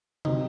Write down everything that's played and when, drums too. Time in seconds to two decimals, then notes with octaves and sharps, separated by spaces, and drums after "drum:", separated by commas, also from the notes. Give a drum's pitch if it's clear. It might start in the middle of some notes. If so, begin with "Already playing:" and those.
0.25 C3 F#3 C4 D#4, drum: tom C3